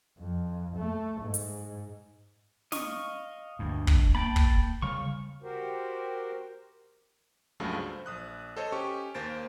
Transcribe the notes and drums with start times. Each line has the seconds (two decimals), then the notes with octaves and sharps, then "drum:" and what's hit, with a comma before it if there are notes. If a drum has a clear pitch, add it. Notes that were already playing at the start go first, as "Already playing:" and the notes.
0.19 F2
0.77 A3
1.21 G#2
1.34 drum: hi-hat
2.72 D#5 F5 C#6, drum: snare
3.59 D2 G2
3.87 drum: kick
4.15 A#3 G5 A5 B5
4.36 drum: kick
4.82 C#3 G3 C#5 F5 C#6
5.42 F#4 G4 A#4 C5
7.60 C#2 G2 C#3 F3 F#3 A3
7.79 C5
8.06 A#1 D#6 F#6
8.56 A4 C5 C#5 D#5
8.72 C#4 G4 C#6
9.14 D#2 A#3 C5 A6 D7